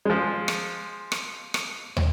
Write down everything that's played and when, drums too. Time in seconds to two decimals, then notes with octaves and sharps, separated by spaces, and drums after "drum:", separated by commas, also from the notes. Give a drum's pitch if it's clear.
0.05 F3 G#3
0.48 drum: rim click
1.12 drum: rim click
1.54 drum: rim click
1.97 drum: tom